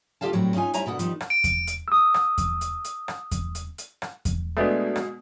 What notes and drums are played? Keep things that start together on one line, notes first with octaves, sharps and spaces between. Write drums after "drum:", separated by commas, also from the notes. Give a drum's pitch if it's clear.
D2 F4 G4 A4 F5 A5
A2 F#3 G3 C4 A#5
C#4 D#4 F4 G#5
G3 C4 E4 C#5 G#5 A#5, drum: hi-hat
B2 D3 B3 F#4 F#5
D#3 F3 G3 D#4, drum: hi-hat
drum: rim click
D7
drum: kick E2, hi-hat
drum: hi-hat
D#6 E6
drum: rim click
drum: kick E2, hi-hat
drum: hi-hat
drum: hi-hat
drum: rim click
drum: kick E2, hi-hat
drum: hi-hat
drum: hi-hat
drum: rim click
drum: kick E2, hi-hat
B2 G#3 A3 B3 D4
drum: rim click